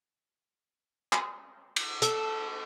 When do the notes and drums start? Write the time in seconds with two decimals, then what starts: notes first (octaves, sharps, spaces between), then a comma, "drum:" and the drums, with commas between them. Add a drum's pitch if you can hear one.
1.13 drum: clap
1.76 drum: cymbal
2.02 A4, drum: hi-hat